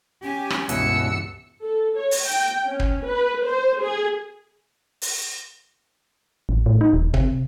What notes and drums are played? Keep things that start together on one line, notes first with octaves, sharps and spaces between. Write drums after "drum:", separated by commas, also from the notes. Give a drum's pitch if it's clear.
C#4 G4 G#5
drum: rim click
C#2 G2 B2 E3 E6 C#7, drum: hi-hat
A4
C#5
drum: open hi-hat
G5
C#4
drum: kick
B4
C5
G#4
drum: open hi-hat
A1
A2
D#4
D#1
C3, drum: kick